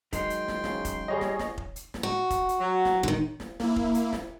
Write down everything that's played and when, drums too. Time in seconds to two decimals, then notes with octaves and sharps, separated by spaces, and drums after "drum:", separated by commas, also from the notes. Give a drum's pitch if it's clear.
0.13 D#3 F#3 G#3 G5 C6, drum: kick F1, hi-hat
0.30 drum: hi-hat
0.48 drum: snare
0.64 C#3, drum: snare
0.85 drum: kick F1, hi-hat
1.08 G3 G#4 C#5 D#5
1.21 drum: snare
1.39 drum: snare
1.58 drum: kick F1
1.76 drum: hi-hat
1.94 drum: snare
2.03 F#4
2.30 drum: kick F1, hi-hat
2.49 drum: hi-hat
2.60 F#3
2.85 drum: snare
3.03 D3 D#3, drum: kick F1
3.40 drum: snare
3.60 A#3 E4, drum: snare
3.76 drum: kick F1
3.94 drum: hi-hat
4.13 drum: snare